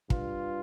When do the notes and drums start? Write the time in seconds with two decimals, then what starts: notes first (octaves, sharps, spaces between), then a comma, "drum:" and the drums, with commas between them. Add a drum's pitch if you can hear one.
0.10 G2 F4, drum: kick